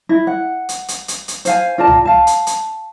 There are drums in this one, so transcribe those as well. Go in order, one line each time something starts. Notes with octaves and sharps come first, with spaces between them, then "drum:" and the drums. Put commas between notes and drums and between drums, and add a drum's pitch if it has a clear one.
E4
F#5
drum: hi-hat
drum: hi-hat
drum: hi-hat
drum: hi-hat
C5 F5 G#5, drum: hi-hat
F4 A#4 D5 A5
drum: tom C2
F5 A5
drum: hi-hat
drum: hi-hat